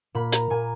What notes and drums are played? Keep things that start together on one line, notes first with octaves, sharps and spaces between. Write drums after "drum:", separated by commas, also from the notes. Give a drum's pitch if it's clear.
A#2 B5
A#5, drum: hi-hat
A#2 G#5